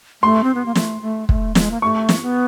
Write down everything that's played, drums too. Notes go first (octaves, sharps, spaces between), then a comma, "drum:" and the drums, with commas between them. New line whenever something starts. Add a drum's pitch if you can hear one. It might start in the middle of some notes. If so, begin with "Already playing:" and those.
A3 C6
C4
B3
A#3
A3, drum: snare
A3
A3, drum: kick
G#3, drum: snare
A#3
A3 C#6
drum: snare
C4
B3